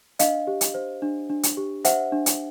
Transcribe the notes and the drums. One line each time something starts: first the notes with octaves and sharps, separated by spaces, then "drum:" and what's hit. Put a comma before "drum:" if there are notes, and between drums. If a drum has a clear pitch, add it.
D4 D#5 F5, drum: hi-hat
G4
drum: hi-hat
C5
D4
D4
drum: hi-hat
G4
C5 E5 F#5, drum: hi-hat
D4
drum: hi-hat